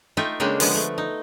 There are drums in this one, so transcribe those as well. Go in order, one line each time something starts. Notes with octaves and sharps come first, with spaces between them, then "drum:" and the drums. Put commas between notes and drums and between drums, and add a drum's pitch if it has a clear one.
A3 D#4 F4 E5 G5
C#3 G#3 A#3 D4 G#4 G5
D3 F3 G#3 B3, drum: open hi-hat
A3
D#4